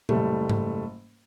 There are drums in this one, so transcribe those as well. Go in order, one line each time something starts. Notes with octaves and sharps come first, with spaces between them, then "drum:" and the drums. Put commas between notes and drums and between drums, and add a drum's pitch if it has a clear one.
F#1 G3 A3, drum: tom A#2
drum: tom G#2